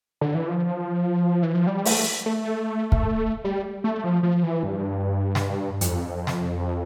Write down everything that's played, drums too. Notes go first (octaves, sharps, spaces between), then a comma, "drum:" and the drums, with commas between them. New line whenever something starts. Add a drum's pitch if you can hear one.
D3
E3
F3
E3
F3
G3
A3, drum: open hi-hat
A3
drum: kick
G3
A3
F3
F3
E3
G2
drum: snare
F2, drum: hi-hat
drum: snare